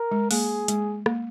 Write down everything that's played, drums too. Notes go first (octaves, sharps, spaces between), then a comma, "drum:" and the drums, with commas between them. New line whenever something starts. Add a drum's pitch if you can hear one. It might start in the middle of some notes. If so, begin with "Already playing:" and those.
Already playing: A#4
G#3
A#3 G#4, drum: open hi-hat
G#3, drum: hi-hat
A#3, drum: rim click